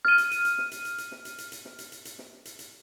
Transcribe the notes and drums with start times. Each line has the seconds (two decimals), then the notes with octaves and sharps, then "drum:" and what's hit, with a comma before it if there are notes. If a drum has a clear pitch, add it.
0.05 F6 D#7, drum: snare
0.18 drum: hi-hat
0.31 drum: hi-hat
0.45 drum: hi-hat
0.58 drum: snare
0.71 drum: hi-hat
0.85 drum: hi-hat
0.98 drum: hi-hat
1.12 drum: snare
1.25 drum: hi-hat
1.38 drum: hi-hat
1.52 drum: hi-hat
1.65 drum: snare
1.79 drum: hi-hat
1.92 drum: hi-hat
2.05 drum: hi-hat
2.19 drum: snare
2.45 drum: hi-hat
2.59 drum: hi-hat